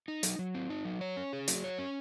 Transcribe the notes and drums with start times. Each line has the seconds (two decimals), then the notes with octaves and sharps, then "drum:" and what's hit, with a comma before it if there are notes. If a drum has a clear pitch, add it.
0.08 D#4
0.23 F#3, drum: hi-hat
0.39 F#3
0.55 C4
0.70 D#4
0.85 F#3
1.01 C#5
1.17 C#4
1.33 G#4
1.48 F#3, drum: hi-hat
1.64 C#5
1.79 C#4